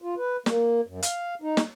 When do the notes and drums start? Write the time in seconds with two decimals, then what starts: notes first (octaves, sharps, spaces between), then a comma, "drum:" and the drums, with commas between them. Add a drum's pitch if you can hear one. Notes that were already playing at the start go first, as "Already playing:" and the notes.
0.02 F4
0.17 B4
0.46 A#3, drum: snare
0.87 F#2
1.03 F5, drum: hi-hat
1.42 D#4
1.57 drum: snare